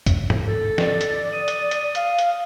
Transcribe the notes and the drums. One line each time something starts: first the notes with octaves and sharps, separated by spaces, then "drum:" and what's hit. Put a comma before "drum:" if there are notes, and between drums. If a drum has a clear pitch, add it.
drum: kick D2, hi-hat
drum: tom G#2
A4
D5, drum: snare
drum: hi-hat
D#6
drum: hi-hat
drum: hi-hat
F5, drum: hi-hat
drum: hi-hat